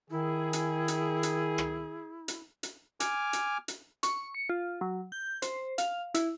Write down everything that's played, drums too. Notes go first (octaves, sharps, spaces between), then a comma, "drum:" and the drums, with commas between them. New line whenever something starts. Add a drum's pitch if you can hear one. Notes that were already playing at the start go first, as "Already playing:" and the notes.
D#3 E4 G#4
drum: hi-hat
drum: hi-hat
drum: hi-hat
drum: rim click
drum: hi-hat
drum: hi-hat
G#5 D6 F6, drum: hi-hat
drum: hi-hat
drum: hi-hat
C#6, drum: hi-hat
C#7
F4
F#3
G6
C5, drum: hi-hat
F5, drum: hi-hat
E4, drum: hi-hat